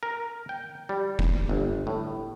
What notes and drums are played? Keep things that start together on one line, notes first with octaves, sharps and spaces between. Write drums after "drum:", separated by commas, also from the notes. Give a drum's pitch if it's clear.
A#4
G5
G3
drum: kick F1
G1
A2